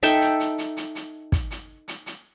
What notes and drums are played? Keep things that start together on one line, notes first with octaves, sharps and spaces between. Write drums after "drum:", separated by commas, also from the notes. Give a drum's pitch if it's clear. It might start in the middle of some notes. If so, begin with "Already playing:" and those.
D#4 A4 E5 G5, drum: hi-hat
drum: hi-hat
drum: hi-hat
drum: hi-hat
drum: hi-hat
drum: hi-hat
drum: kick, hi-hat
drum: hi-hat
drum: hi-hat
drum: hi-hat